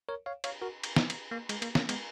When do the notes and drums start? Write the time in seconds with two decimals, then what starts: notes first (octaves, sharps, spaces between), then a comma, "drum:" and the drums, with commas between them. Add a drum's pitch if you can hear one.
0.09 A#4 C#5
0.26 C#5 F5
0.44 C#5 F5, drum: cymbal
0.61 F#4 A#4
0.83 drum: cymbal
0.96 B3 D#4, drum: snare
1.10 drum: cymbal
1.31 A#3
1.49 G#3, drum: cymbal
1.62 A#3, drum: cymbal
1.75 A#3 C#4, drum: snare
1.89 G#3 B3, drum: cymbal